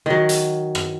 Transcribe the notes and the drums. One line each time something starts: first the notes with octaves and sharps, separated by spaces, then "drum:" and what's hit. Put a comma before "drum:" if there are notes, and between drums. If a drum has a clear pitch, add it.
D#3 F#3
drum: hi-hat
drum: rim click